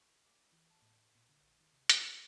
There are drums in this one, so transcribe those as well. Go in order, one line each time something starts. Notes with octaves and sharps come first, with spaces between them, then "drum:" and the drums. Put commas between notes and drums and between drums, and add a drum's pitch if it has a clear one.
C#6
D6
E3
A5
A2
A#2
D3
A1
D#3
C3
D#4, drum: hi-hat
B4